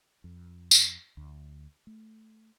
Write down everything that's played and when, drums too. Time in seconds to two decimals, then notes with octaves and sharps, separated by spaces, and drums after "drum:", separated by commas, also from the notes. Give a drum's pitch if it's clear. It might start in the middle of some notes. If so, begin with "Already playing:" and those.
0.24 F2
0.71 drum: tambourine
1.17 D2
1.87 A3